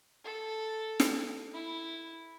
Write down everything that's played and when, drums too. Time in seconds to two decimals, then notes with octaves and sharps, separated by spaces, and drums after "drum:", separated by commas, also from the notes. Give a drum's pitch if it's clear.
0.24 A4
1.00 drum: snare
1.53 E4